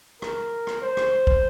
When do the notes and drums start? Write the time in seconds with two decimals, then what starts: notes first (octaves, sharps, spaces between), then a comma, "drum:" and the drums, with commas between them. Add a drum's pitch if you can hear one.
0.22 A#4, drum: rim click
0.67 drum: rim click
0.82 C5
0.97 drum: rim click
1.27 drum: kick